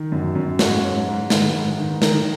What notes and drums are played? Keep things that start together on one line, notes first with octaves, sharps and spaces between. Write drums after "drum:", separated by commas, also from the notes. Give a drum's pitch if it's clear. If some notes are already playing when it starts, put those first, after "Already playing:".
Already playing: D#3
F#2
F#2
G#2 C#5, drum: snare
G#2
G#2
D#3 B4, drum: snare
G#2
D#3
D#3 A#4, drum: snare
D#4